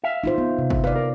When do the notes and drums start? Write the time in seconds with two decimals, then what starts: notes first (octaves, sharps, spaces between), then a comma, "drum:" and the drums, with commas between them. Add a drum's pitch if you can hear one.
0.04 E5 F5
0.24 D#4 F4 C5
0.38 B3
0.59 C3
0.70 drum: kick G1
0.84 B4 D5 F5
0.96 A#4